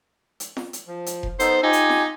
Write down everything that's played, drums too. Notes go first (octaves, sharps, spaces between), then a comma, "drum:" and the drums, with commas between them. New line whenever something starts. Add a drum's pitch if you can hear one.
drum: hi-hat
drum: snare
drum: hi-hat
F3
drum: hi-hat
drum: kick F1
B3 D#4 A4 C5, drum: hi-hat
D#4 F4 G4 G#5
drum: hi-hat
drum: snare